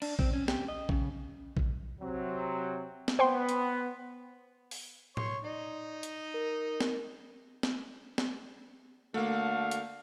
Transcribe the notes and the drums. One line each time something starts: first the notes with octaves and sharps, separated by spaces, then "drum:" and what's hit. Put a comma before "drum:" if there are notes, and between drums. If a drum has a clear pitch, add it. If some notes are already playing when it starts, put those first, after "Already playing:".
D4, drum: cymbal
C4, drum: kick A#1
C#4
G4, drum: snare C4
D#5
C#3, drum: kick A#1
drum: kick A#1
C3 F#3 C4
drum: snare C4
B3 C5 G5 C6
drum: hi-hat
drum: open hi-hat
C#5 C6 C#6, drum: tom A2
D#4 D5 D#5
drum: hi-hat
A#4
drum: snare C4
drum: snare C4
drum: snare C4
D3 A3 A#3 F#4 F5
drum: hi-hat